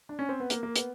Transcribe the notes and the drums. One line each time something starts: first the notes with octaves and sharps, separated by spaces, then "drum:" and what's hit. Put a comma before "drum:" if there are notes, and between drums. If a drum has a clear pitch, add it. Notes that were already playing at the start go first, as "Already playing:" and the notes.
D4
C#4
C4
B3
A#3, drum: hi-hat
A#3
B3, drum: hi-hat